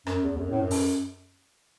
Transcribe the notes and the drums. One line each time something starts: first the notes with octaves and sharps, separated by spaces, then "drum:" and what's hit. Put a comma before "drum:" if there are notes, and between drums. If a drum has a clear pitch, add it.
F#2, drum: rim click
E2
E2
F#2
A2
F#2
drum: open hi-hat